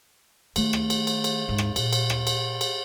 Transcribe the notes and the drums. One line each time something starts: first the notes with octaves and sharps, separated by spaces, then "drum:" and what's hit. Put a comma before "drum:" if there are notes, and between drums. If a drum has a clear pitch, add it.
D#3 A3, drum: cymbal
drum: rim click
drum: cymbal
drum: cymbal
drum: cymbal
G#2
drum: rim click
A#2, drum: cymbal
drum: cymbal
drum: rim click
drum: cymbal
drum: cymbal